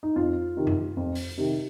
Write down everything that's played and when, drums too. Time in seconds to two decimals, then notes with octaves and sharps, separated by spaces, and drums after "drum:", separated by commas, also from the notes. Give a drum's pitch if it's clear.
0.03 D#4
0.16 F2 F4
0.57 C3 D#3
0.67 drum: tom F#2
0.97 F2
1.15 drum: open hi-hat
1.37 C3 D#3